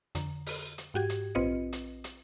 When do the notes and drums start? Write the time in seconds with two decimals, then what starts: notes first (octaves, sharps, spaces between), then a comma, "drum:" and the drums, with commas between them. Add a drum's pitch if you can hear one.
0.15 F2 D3 A#5, drum: hi-hat
0.46 drum: open hi-hat
0.78 drum: hi-hat
0.94 G#2 F#4 G4 G#6
1.09 drum: hi-hat
1.35 A#1 C4 F4 B4 D#5 C#7
1.73 drum: hi-hat
2.04 drum: hi-hat